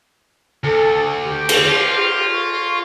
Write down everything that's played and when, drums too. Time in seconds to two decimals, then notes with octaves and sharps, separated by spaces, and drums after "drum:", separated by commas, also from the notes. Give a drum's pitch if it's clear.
0.63 D2 A4
1.25 G4
1.49 drum: cymbal
1.70 F4
2.33 C#6